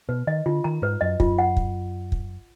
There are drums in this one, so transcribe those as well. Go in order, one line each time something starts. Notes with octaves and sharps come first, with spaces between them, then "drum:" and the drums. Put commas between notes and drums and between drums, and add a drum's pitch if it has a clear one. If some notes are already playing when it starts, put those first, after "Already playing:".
B2 B4
D#3 D#5
D3 F4
D#3 A#5
G#2 B4
F#2 D#5
F#2 F4, drum: kick
F#5
drum: kick
drum: kick